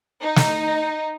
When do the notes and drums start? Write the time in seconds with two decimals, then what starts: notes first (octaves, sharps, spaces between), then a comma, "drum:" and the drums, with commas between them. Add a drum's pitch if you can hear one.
0.22 D#4
0.36 drum: snare